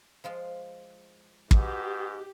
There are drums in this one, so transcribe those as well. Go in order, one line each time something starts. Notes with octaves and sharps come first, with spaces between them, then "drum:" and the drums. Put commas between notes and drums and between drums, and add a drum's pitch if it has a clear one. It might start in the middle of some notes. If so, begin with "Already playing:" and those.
F3 G#3 F4
G#2 F#4 G4 B4, drum: kick